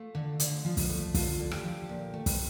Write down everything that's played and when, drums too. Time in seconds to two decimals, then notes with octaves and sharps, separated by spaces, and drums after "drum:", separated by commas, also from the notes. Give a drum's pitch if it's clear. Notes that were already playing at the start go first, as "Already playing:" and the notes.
Already playing: A3 F4
0.15 D3
0.40 D3, drum: hi-hat
0.65 F3
0.77 drum: kick, open hi-hat
0.89 A3
1.14 D3 F4, drum: kick, open hi-hat
1.39 D3
1.51 G4, drum: rim click
1.64 F3
1.89 A#2
2.14 A3
2.26 drum: kick, open hi-hat